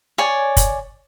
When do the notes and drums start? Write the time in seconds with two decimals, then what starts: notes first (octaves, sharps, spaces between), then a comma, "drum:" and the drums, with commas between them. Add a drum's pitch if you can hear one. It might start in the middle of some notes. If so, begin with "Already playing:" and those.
0.18 C#5 D5 G#5
0.57 drum: kick, hi-hat